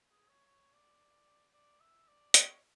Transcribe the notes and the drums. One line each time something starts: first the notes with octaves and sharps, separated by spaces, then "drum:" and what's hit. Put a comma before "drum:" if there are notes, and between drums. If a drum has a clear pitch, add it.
G#4
C#5
C#5
D5
D5
E5
D5
C#5, drum: hi-hat